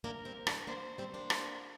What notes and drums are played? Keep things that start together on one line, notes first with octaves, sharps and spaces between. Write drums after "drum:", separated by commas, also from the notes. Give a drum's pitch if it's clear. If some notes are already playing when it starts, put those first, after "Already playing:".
A#3 D4 A#4
G3 C4
A#3 D4, drum: rim click
A#3 D4 C5
G3 C4
A#3 D4
drum: rim click